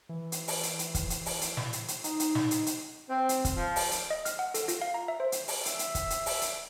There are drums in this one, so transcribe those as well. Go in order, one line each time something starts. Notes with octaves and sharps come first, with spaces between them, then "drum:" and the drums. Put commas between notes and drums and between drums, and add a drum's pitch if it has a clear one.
E3
drum: hi-hat
drum: open hi-hat
drum: hi-hat
drum: hi-hat
drum: kick, hi-hat
drum: hi-hat
drum: open hi-hat
drum: hi-hat
drum: snare
drum: hi-hat
drum: hi-hat
D#4, drum: hi-hat
drum: hi-hat
drum: snare
drum: hi-hat
drum: hi-hat
C4
drum: hi-hat
drum: kick, hi-hat
F3
drum: open hi-hat
drum: hi-hat
D#5
F6, drum: hi-hat
F#5
A4, drum: hi-hat
F4, drum: hi-hat
F5
A#5
E5
C5
drum: hi-hat
drum: open hi-hat
E5, drum: hi-hat
drum: hi-hat
drum: kick, hi-hat
drum: hi-hat
drum: open hi-hat
drum: hi-hat